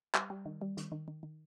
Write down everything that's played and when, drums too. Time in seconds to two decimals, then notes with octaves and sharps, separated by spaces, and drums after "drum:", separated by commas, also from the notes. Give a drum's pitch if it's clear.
0.15 G3, drum: clap
0.30 G3
0.46 D#3
0.61 G3
0.77 D#3, drum: hi-hat
0.92 D#3
1.08 D#3
1.23 D#3